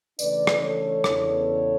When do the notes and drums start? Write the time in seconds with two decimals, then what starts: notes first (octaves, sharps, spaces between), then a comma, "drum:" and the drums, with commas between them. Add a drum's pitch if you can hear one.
0.19 C#3 E3 A3 D4 B4 D5, drum: tambourine
0.47 drum: rim click
0.61 A4 C#5
1.04 E2 C#3 E3 B3 D4, drum: rim click